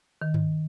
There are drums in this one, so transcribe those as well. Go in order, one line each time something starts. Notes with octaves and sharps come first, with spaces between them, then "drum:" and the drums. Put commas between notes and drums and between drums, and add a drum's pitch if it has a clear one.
D#3
drum: tom G2